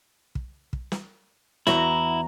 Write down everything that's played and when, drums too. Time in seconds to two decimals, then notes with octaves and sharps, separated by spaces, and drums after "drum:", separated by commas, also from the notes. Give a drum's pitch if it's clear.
0.35 drum: kick
0.73 drum: kick
0.92 drum: snare
1.67 E2 E4 F#4 A#5, drum: snare